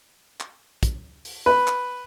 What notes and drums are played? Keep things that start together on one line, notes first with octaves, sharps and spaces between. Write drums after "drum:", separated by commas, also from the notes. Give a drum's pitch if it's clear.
drum: clap
drum: kick, hi-hat
drum: open hi-hat
B4
drum: clap